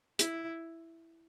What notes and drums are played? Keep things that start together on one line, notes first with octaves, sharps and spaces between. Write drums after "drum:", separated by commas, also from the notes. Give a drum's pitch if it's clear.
E4, drum: hi-hat